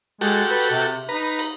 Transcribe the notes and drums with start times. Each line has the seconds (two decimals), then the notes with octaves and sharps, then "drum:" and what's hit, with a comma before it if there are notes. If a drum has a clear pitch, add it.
0.21 G#3 F#4 G4 A4, drum: cymbal
0.51 B4
0.60 drum: cymbal
0.71 C3
1.09 D#4 B4 A#5
1.39 drum: cymbal